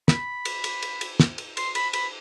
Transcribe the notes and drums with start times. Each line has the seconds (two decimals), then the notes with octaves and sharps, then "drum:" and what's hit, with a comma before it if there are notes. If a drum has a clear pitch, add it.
0.08 B5, drum: snare
0.45 drum: cymbal
0.64 drum: cymbal
0.82 drum: cymbal
1.01 drum: cymbal
1.20 drum: snare
1.38 drum: cymbal
1.57 C6, drum: cymbal
1.75 B5, drum: cymbal
1.93 B5, drum: cymbal